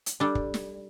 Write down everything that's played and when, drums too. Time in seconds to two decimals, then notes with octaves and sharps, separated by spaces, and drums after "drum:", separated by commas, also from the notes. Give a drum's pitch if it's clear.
0.06 drum: hi-hat
0.20 G3 D4 A4
0.35 drum: kick
0.54 drum: snare